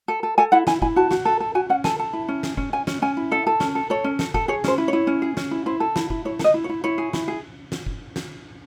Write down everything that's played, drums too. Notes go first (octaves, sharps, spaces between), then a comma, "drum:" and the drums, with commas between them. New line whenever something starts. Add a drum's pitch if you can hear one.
A4
A4
A4 G#5
E4 F#5
E4 G#5, drum: snare
E4 G#5, drum: kick
F#4 A5
F#4, drum: snare
A4
A4
F#4 G#5
C#4 F#5
A4 G#5, drum: snare
A4 A5
E4
C#4
G#4, drum: snare
C#4, drum: kick
C#4 G#5
C#4, drum: snare
C#4 G#5
E4
A4 E5
A4
C#4, drum: snare
A4
A4 C#5
C#4
A4, drum: snare
A4, drum: kick
G#4 C#5
C#4 C5, drum: snare
E4
E4 C#5
C#4
G#4
C#4, drum: snare
E4
E4 C5
A4
E4, drum: snare
E4, drum: kick
E4 C#5
A4, drum: snare
D#5
E4
C#5
E4
E4 C#5
G#4
E4, drum: snare
G#4
drum: snare
drum: kick
drum: snare